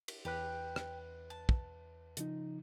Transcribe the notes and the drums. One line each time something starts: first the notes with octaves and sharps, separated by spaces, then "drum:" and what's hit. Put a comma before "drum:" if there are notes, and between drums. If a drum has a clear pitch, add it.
drum: cymbal
E2 G4 B4 F#6
drum: rim click
A5
drum: kick
C#3 F3 D#4, drum: hi-hat